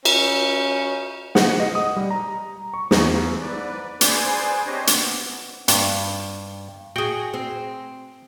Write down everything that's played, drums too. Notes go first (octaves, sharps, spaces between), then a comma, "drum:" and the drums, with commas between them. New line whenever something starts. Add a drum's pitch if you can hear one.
C#4, drum: cymbal
F#5, drum: snare
D#5
D#6
G3
A#5
C#6
E2, drum: snare
G#2 B4 D5
G#4 B4 C5 D5 G#5, drum: hi-hat
C4 D4 G4 C5 C#5 D#5
B3, drum: hi-hat
G2, drum: hi-hat
F#4 G#4 G5
C4